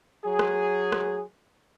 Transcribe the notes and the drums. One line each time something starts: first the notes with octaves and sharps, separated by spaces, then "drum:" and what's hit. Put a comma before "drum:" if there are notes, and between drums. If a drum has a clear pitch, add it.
F#3 G#4
drum: rim click
drum: rim click